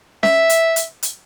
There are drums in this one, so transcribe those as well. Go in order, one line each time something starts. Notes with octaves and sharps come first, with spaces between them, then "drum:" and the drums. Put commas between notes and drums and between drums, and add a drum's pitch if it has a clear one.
E5, drum: snare C#4
drum: hi-hat
drum: hi-hat
drum: hi-hat